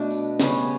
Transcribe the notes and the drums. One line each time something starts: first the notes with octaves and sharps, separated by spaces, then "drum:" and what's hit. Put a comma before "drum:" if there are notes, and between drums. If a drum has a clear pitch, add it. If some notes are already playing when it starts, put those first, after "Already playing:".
Already playing: B2 A3 D4
drum: tambourine
C#3 G3 B3 C#4, drum: snare